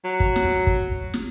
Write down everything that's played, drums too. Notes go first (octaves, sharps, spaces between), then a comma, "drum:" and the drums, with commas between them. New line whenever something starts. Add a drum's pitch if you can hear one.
F#3
drum: kick
drum: snare
drum: kick
drum: snare